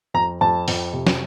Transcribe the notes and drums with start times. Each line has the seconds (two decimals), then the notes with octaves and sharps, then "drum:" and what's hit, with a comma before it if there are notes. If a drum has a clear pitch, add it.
0.14 F2 A#5
0.41 F2 A5
0.68 F2, drum: open hi-hat
0.93 C3
1.07 drum: snare